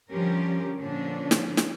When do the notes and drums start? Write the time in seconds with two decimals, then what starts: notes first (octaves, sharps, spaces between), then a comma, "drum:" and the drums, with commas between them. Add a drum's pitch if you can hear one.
0.10 D3 F3 G3 C#4 G4 A#4
0.78 A#2 D3 F3 C#4 D4
1.31 drum: snare
1.57 drum: snare